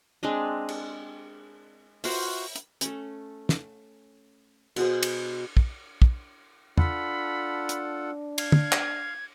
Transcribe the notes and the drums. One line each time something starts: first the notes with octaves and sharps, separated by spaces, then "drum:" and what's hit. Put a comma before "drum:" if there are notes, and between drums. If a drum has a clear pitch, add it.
G#3 C4 D4 D#5
drum: cymbal
F4 F#4 C5, drum: open hi-hat
drum: hi-hat
A3 C#4, drum: hi-hat
drum: snare
B2 G#4 C5, drum: cymbal
drum: cymbal
drum: kick
drum: kick
D4 F4 A4 F#5 B5, drum: tom
drum: hi-hat
F5 G#6, drum: cymbal
drum: tom
drum: clap